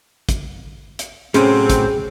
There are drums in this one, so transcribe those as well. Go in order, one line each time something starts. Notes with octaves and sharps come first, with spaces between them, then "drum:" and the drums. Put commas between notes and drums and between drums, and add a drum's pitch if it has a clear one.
drum: kick, hi-hat
drum: hi-hat
A2 C3 F#3 C4 C#4 G#4, drum: hi-hat
drum: kick, hi-hat